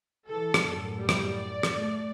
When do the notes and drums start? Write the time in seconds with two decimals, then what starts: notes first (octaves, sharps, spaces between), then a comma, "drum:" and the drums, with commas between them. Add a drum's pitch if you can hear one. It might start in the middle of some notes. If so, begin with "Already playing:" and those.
0.27 E3 A4
0.54 drum: rim click
0.64 F#2 A2
0.98 G3
1.09 drum: rim click
1.36 D5
1.63 drum: rim click
1.74 A3